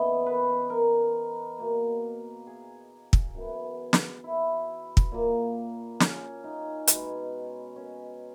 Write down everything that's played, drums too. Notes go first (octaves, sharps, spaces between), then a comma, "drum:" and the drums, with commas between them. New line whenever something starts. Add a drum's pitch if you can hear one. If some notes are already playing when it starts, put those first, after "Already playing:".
Already playing: C#3 E3 B3 D#5
B4
A#4
B2 A#3
G#4
drum: kick
F#2 E3 B3
drum: snare
E4
drum: kick
A#2 A#3
C#4, drum: snare
D#4
B2 G#3 B3, drum: hi-hat
C#4